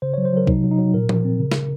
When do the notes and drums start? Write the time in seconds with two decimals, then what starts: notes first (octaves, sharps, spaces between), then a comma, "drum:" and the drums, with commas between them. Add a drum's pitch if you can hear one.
0.02 C#3 C5
0.14 F#3 C#5
0.25 C5
0.33 F#3 A#4
0.47 C3 D#4, drum: kick B1
0.64 F#3
0.71 D#4
0.78 F#3
0.94 A#2 A#4
1.09 F3, drum: tom F3
1.25 C4
1.39 C#3
1.52 drum: snare